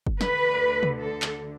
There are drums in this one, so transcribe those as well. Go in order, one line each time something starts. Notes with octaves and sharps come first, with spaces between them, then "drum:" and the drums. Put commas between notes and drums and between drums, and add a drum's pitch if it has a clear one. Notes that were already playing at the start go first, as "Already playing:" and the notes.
drum: kick F#1
D2 D3 B4, drum: snare
drum: tom
A4
drum: clap